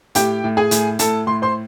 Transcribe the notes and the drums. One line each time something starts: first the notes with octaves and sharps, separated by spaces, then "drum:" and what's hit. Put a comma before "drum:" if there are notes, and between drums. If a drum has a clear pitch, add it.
A2 G4 G5, drum: hi-hat
A2
G#4 G#5
A2, drum: hi-hat
A2 A4 A5, drum: hi-hat
A2 C6
C5 C6